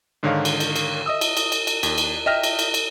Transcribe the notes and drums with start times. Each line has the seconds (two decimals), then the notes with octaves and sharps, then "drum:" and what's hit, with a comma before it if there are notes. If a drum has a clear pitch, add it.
0.23 G#2 D3 D#3 A#4 C#5 F5
0.45 drum: cymbal
0.60 drum: cymbal
0.76 drum: cymbal
1.06 D#5 E5 D#6 E6
1.21 drum: cymbal
1.37 drum: cymbal
1.52 drum: cymbal
1.67 drum: cymbal
1.83 D#2, drum: cymbal
1.98 drum: cymbal
2.26 D#5 E5 G5 F6 A#6
2.43 drum: cymbal
2.59 drum: cymbal
2.74 drum: cymbal